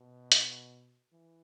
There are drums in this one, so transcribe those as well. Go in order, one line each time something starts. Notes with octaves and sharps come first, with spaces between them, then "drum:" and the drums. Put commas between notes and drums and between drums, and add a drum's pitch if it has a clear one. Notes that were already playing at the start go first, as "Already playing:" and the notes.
Already playing: B2
drum: hi-hat
E3